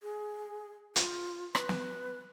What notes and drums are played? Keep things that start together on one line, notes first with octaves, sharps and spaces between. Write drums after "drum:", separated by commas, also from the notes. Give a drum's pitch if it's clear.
G#4
F4, drum: hi-hat
B4, drum: rim click
drum: snare